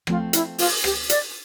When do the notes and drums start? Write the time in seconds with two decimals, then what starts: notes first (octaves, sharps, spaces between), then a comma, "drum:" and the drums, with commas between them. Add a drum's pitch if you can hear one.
0.07 F3 A3 C4 F4, drum: rim click
0.33 E4, drum: hi-hat
0.58 F4, drum: open hi-hat
0.84 G4, drum: rim click
1.10 D5, drum: hi-hat